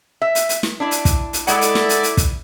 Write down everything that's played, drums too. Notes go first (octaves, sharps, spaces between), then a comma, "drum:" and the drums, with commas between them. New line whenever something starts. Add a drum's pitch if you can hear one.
E5
drum: hi-hat
drum: hi-hat
drum: snare
D4 E4 D5
drum: hi-hat
drum: kick, hi-hat
drum: hi-hat
G#3 E4 A4 D5 F#5, drum: hi-hat
drum: hi-hat
drum: snare
drum: hi-hat
drum: hi-hat
drum: kick, hi-hat